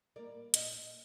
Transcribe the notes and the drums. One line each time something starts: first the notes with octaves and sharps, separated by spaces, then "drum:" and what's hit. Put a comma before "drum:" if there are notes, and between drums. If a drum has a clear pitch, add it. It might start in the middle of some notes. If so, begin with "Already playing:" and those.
G3 A#3 A#4 D5
A#2 C5 D#5, drum: hi-hat